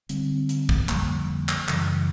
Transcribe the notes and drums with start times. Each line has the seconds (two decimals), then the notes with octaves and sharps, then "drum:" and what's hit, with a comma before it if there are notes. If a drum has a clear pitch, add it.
0.09 D3 G3 C4, drum: hi-hat
0.49 drum: hi-hat
0.69 drum: kick
0.89 F2 D3 G3 A#3, drum: clap
1.49 drum: clap
1.68 F#2 C#3 E3 G3, drum: clap